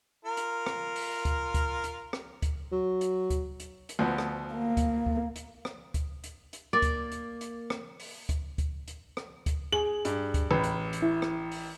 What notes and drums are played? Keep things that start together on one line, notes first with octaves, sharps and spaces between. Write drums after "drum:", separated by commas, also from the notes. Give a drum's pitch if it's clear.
F4 A#4
drum: hi-hat
drum: rim click
drum: open hi-hat
drum: kick D2, hi-hat
drum: kick D2, hi-hat
drum: hi-hat
drum: rim click
drum: kick D2, hi-hat
F#3
drum: hi-hat
drum: kick D2, hi-hat
drum: hi-hat
drum: hi-hat
D2 F3 B3
drum: rim click
A#3
drum: kick D2, hi-hat
drum: kick D2
drum: hi-hat
drum: rim click
drum: kick D2, hi-hat
drum: hi-hat
drum: hi-hat
A#3 D5
drum: kick D2, hi-hat
drum: hi-hat
drum: hi-hat
drum: rim click
drum: open hi-hat
drum: kick D2, hi-hat
drum: kick D2, hi-hat
drum: hi-hat
drum: rim click
drum: kick D2, hi-hat
G#4 F#7
G2, drum: hi-hat
drum: kick D2, hi-hat
A1 B4
drum: hi-hat
drum: hi-hat
E4
drum: rim click
drum: open hi-hat